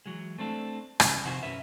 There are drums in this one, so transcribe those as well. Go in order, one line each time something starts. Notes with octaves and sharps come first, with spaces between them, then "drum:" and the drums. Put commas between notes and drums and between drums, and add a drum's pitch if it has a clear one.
E3 F#3 G#3
A3 C4 D4 A4
G2 C#3, drum: rim click
F2 C3 D#3 E4 F#4 C5
B1 F#2 C#4 F#4 B4 E5